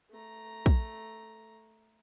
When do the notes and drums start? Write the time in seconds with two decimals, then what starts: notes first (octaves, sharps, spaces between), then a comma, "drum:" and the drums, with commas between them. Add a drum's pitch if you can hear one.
0.11 A3 A#5
0.66 drum: kick